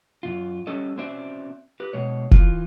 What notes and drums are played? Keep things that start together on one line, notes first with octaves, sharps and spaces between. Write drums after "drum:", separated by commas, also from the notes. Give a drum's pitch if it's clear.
F#2 A#2 F4
G3 C#4 A4 D#5
C4 C#4 F#4 C5 D5 E5
G4 B4
B2 G#3 C#5
E3 F4, drum: kick F1